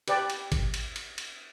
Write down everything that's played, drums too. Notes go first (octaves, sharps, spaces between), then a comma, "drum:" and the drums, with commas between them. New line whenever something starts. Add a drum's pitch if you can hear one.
G4 B4 D5 G5 A5, drum: cymbal
drum: cymbal
drum: kick G#1, cymbal
drum: cymbal
drum: cymbal
drum: cymbal